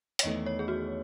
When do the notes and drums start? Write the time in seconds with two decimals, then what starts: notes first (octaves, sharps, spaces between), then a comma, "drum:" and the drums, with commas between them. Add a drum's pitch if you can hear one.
0.19 C#5, drum: hi-hat
0.23 E2 D#3 A3 D#5
0.46 C#5
0.59 G#4
0.68 F#4